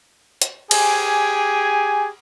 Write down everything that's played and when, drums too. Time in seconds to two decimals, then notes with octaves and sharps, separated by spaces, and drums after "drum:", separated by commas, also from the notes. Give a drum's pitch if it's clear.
0.42 drum: hi-hat
0.71 G4 G#4 G#5, drum: cymbal